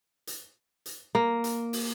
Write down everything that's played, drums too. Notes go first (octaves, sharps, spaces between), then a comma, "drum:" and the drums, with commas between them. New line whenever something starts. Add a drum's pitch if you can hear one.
drum: hi-hat
drum: hi-hat
A#3
drum: hi-hat
drum: open hi-hat